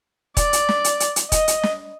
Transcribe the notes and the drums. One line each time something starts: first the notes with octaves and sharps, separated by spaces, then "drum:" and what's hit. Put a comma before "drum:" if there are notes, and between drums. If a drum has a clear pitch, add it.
D5, drum: kick E1, hi-hat
drum: hi-hat
drum: snare
drum: hi-hat
drum: hi-hat
drum: hi-hat
D#5, drum: kick E1, hi-hat
drum: hi-hat
drum: snare